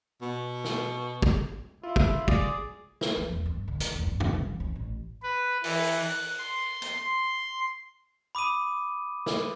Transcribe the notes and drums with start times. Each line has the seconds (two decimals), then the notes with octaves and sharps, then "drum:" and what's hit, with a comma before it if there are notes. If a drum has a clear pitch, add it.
0.22 B2
0.64 drum: snare
1.22 drum: kick
1.83 E4 F4
1.96 drum: kick
2.28 G#4 D5, drum: kick
3.01 drum: snare
3.17 F3
3.31 E2
3.46 G2
3.68 D3
3.80 D#4, drum: hi-hat
3.95 E2
4.07 G2
4.20 C3, drum: tom F2
4.34 G3
4.48 E3
4.60 C#4
4.75 A1
5.23 B4
5.64 E3, drum: open hi-hat
6.00 F#6
6.39 C6
6.82 drum: hi-hat
6.97 C6
8.35 B5 D6 D#6 D#7
9.26 drum: snare